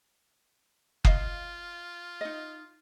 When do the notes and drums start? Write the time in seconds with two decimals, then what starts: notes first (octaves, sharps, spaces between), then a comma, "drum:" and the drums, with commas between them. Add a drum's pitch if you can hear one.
1.05 F4 D#5 F5, drum: kick F#1
2.21 D#4 D#5